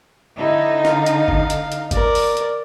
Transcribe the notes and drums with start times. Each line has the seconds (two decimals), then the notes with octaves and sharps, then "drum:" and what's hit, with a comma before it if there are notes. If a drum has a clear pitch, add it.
0.38 D3 D#4 E4
0.85 F5, drum: snare
1.06 drum: hi-hat
1.28 drum: kick G1
1.50 drum: hi-hat
1.72 drum: hi-hat
1.91 A#4 D5, drum: kick G1, hi-hat
2.15 drum: open hi-hat
2.37 drum: hi-hat